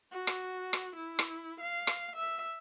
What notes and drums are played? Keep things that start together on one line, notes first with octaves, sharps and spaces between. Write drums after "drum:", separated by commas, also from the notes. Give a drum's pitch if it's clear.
F#4
drum: rim click
drum: rim click
E4
drum: rim click
F5
drum: rim click
E5